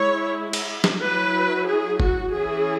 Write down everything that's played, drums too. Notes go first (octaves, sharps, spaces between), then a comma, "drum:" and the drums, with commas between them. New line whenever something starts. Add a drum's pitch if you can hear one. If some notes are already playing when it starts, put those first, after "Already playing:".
Already playing: G#3 E4 C#5
drum: cymbal
drum: snare
F#3 E4 B4
G#4
F#4, drum: kick
E3 C#4 E4 G#4